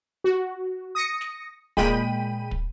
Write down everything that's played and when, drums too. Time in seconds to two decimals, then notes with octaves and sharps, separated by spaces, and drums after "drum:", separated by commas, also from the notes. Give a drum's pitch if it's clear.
0.24 F#4
0.95 D#6 A#6 C#7
1.21 drum: snare
1.77 A#2 G#3 G5 B5 D#7, drum: kick
2.51 drum: kick